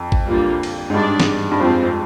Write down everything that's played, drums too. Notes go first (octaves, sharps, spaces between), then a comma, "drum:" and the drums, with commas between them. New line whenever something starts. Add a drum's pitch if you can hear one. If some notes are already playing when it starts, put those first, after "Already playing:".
Already playing: F2
drum: kick
D3 G3 A#3 F4
drum: cymbal
G#2
G2 G#3 D4 G#4 D5
drum: snare
G2
F2 G#3 C4 F4 C5